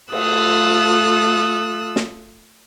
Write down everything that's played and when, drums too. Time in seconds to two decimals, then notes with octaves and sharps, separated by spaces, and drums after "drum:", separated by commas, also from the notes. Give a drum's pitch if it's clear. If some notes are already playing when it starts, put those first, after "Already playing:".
0.12 A3 F4 A4 D#6 E6 F#6, drum: cymbal
1.96 drum: snare